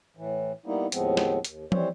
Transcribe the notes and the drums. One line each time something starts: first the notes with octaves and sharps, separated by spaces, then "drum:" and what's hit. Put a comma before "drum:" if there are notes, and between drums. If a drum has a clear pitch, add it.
A2 E3
G3 A#3 B3 D#4 E4
D#2 A2 F3 G#3 B3 C4, drum: hi-hat
drum: snare
D#2, drum: hi-hat
E3 G3 C4 C5 C#5, drum: tom